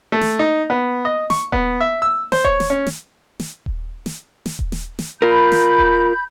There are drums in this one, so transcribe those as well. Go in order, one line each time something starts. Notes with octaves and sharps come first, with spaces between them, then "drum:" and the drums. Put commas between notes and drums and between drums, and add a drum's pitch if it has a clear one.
A3
drum: snare
D#4
B3
D#5
C#6, drum: snare
B3, drum: kick D#1
E5
E6
C5, drum: snare
C#5, drum: kick D#1
drum: snare
C#4
drum: snare
drum: snare
drum: kick D#1
drum: snare
drum: snare
drum: kick D#1
drum: snare
drum: snare
F4 A#4 B5 G6
drum: snare
drum: kick D#1